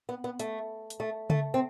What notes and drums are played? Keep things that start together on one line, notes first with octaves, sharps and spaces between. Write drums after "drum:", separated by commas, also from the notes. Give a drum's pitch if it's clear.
B3
B3
A3, drum: hi-hat
drum: hi-hat
A3
A3, drum: tom C#3
C4